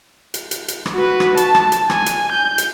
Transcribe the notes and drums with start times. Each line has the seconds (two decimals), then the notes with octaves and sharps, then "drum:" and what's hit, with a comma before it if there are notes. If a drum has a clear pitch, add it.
0.34 drum: hi-hat
0.51 drum: hi-hat
0.68 drum: hi-hat
0.86 drum: rim click
0.95 F#4 B4
1.20 drum: rim click
1.37 A5, drum: hi-hat
1.55 drum: rim click
1.72 drum: hi-hat
1.90 G#5, drum: rim click
2.06 drum: hi-hat
2.32 G6
2.58 drum: hi-hat